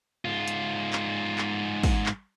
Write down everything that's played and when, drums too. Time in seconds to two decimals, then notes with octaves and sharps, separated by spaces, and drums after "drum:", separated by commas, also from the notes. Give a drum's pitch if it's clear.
0.25 G#2 F4
0.48 drum: hi-hat
0.93 drum: clap
1.38 drum: clap
1.83 drum: kick, open hi-hat
2.06 drum: clap